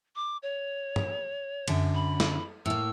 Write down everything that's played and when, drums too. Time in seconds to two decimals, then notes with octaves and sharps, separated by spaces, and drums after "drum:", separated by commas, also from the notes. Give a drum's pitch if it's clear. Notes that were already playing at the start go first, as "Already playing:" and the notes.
0.15 D6
0.43 C#5
0.96 drum: tom
1.68 F#2 D3, drum: cymbal
1.95 B5
2.20 drum: snare
2.66 A2 A#3 E6